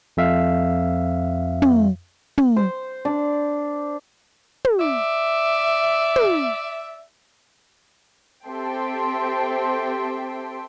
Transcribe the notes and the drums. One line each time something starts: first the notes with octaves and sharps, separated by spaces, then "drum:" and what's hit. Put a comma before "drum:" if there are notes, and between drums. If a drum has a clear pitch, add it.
F2 E5 F5
drum: tom
drum: tom
C5
D4
drum: tom
D5 E5
drum: tom
C4 G4 A4 E5 G5 C6